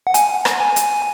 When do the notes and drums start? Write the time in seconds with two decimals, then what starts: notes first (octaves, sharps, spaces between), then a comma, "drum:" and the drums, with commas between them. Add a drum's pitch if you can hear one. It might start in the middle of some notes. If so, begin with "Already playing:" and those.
0.07 F#5
0.14 G#5, drum: hi-hat
0.45 drum: rim click
0.60 G#5
0.76 drum: hi-hat